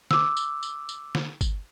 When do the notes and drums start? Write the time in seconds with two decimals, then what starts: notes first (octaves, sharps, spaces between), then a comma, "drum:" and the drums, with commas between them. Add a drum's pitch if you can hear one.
0.11 D6 E6, drum: snare
0.37 drum: tambourine
0.63 drum: tambourine
0.89 drum: tambourine
1.15 drum: snare
1.41 drum: kick, tambourine